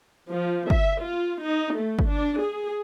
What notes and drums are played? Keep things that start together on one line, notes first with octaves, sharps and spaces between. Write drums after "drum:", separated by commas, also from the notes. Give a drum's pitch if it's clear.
F3
E5, drum: kick G1
F4
D#4
A3
drum: kick G1
D4
G#4